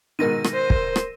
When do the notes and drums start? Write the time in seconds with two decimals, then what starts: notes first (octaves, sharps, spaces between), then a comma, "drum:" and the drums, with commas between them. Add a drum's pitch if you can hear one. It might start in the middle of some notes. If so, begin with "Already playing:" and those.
0.19 G#2 B2 D#3 A#4 A#6 D#7
0.44 drum: rim click
0.54 C5
0.70 drum: kick
0.96 drum: rim click